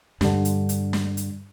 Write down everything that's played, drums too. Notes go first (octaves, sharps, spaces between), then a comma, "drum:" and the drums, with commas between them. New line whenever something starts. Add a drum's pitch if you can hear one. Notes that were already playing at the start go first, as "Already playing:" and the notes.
G2 D3, drum: snare
drum: hi-hat
drum: hi-hat
drum: snare
drum: hi-hat